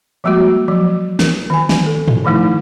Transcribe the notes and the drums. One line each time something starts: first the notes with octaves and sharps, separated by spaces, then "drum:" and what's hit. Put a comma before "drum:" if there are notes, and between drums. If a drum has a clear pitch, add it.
F3 G3 G#3 A#3 F#4
F3 F#3
A#4, drum: snare
D#3 G#5
drum: snare
A4
drum: tom
D#3 F3 A3 D#4 E4